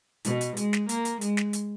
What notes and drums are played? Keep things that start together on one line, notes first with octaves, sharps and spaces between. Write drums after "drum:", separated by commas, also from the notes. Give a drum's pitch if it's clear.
B2, drum: hi-hat
drum: hi-hat
G#3, drum: hi-hat
drum: snare
A#3, drum: hi-hat
drum: hi-hat
G#3, drum: hi-hat
drum: snare
drum: hi-hat